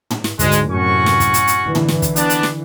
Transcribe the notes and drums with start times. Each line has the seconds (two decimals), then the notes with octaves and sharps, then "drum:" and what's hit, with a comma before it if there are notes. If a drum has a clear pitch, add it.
0.10 drum: tom
0.24 drum: snare
0.39 D2 G#2 G#3, drum: kick, hi-hat
0.52 drum: hi-hat
0.70 F#2 A2 C3 C#4 F#4 C#6
1.06 drum: snare
1.20 drum: kick, hi-hat
1.34 drum: hi-hat
1.47 drum: hi-hat
1.64 D3 E3
1.75 drum: tom
1.88 drum: snare
2.02 drum: kick, hi-hat
2.16 B3 D4, drum: hi-hat
2.30 drum: hi-hat
2.43 drum: snare